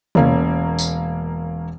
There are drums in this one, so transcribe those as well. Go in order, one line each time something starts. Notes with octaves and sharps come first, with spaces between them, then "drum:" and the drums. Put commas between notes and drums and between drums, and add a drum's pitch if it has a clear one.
E1 A#3 C#4, drum: tom
drum: tambourine